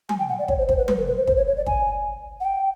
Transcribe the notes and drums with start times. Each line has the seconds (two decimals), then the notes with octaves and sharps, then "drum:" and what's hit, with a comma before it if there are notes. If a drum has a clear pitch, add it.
0.09 G#5, drum: tom F#3
0.19 G5
0.29 F#5
0.39 D5
0.48 C#5, drum: kick
0.58 C5
0.69 C5, drum: kick
0.78 B4
0.88 B4, drum: tom F#3
0.98 A#4
1.07 B4
1.17 C5
1.27 C5, drum: kick
1.37 C#5
1.47 C#5
1.57 D5
1.67 G#5, drum: kick
2.40 F#5
2.45 G5